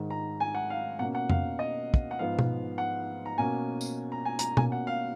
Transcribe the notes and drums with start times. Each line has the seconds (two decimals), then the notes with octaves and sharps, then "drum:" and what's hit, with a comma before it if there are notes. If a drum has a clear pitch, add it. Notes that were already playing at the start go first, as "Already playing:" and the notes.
Already playing: G#2 D#3 G#3
0.10 A#5
0.40 G#5
0.55 F#5
0.70 F5
0.99 B2 A#3 C#4 F#5
1.15 F#5
1.30 F5, drum: tom F2
1.59 D#5
1.94 drum: kick
2.11 F#5
2.19 G#2 F3 B3 F5
2.39 drum: tom B2
2.78 F#5
3.26 A#5
3.38 B2 A#3 C#4 G#5
3.81 drum: tambourine
4.12 A#5
4.25 G#5
4.39 A#5, drum: hi-hat
4.57 B2 A#3 C#4 G#5, drum: tom B2
4.72 F#5
4.87 F5